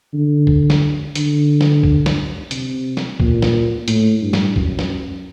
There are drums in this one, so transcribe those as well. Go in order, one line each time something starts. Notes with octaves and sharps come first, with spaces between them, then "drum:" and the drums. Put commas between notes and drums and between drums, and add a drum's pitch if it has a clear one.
D3
drum: kick C#2
drum: snare
D3, drum: hi-hat
drum: snare
drum: kick C#2
drum: snare
C3, drum: hi-hat
drum: snare
A#2, drum: kick C#2
drum: snare
A2, drum: hi-hat
G2
drum: snare
F#2, drum: kick C#2
drum: snare